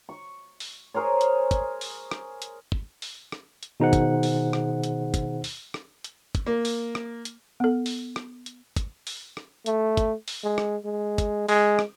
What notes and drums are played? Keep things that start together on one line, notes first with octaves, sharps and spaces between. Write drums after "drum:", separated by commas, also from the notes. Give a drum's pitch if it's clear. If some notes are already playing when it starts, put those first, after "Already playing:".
C#6
drum: open hi-hat
G#4 A#4 C5 C#5
drum: hi-hat
drum: kick, hi-hat
drum: open hi-hat
drum: rim click
drum: hi-hat
drum: kick
drum: open hi-hat
drum: rim click
drum: hi-hat
B2 D#3 D#4 G#4 C5 F#5
drum: kick, hi-hat
drum: open hi-hat
drum: rim click
drum: hi-hat
drum: kick, hi-hat
drum: open hi-hat
drum: rim click
drum: hi-hat
drum: kick, hi-hat
A#3
drum: open hi-hat
drum: rim click
drum: hi-hat
B3 A4
drum: open hi-hat
drum: rim click
drum: hi-hat
drum: kick, hi-hat
drum: open hi-hat
drum: rim click
A3, drum: hi-hat
drum: kick, hi-hat
drum: open hi-hat
G#3
drum: rim click
G#3
drum: kick, hi-hat
G#3, drum: open hi-hat
drum: rim click